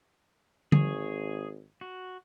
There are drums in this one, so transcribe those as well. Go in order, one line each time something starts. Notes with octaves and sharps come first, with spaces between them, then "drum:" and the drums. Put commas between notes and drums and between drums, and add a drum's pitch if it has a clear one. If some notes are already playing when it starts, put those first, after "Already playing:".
G#1 G#4 C#5, drum: tom D3
F#4